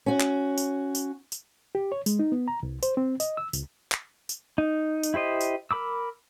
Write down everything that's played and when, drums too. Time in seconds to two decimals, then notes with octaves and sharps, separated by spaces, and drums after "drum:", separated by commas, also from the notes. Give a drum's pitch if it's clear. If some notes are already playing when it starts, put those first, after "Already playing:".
0.06 C#4 F#4
0.20 drum: clap
0.58 drum: tambourine
0.95 drum: tambourine
1.32 drum: tambourine
1.75 G4
1.92 C#5
2.06 G#3, drum: tambourine
2.19 D#4
2.32 B3
2.48 A#5
2.63 C2
2.83 C5, drum: tambourine
2.97 C4
3.20 D#5, drum: tambourine
3.37 E6
3.53 C#2, drum: tambourine
3.92 drum: clap
4.29 drum: tambourine
4.58 D#4
5.03 drum: tambourine
5.14 E4 G4 C5 D#5
5.41 drum: tambourine
5.71 A#4 B5 D6 E6